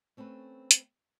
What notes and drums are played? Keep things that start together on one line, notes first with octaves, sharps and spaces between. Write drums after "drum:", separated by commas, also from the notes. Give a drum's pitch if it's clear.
A3 C4 C#4 A4 B4
drum: hi-hat